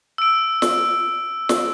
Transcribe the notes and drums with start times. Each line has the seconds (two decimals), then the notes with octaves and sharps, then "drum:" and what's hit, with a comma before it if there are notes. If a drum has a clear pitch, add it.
0.18 E6 D7
0.62 drum: snare
1.49 drum: snare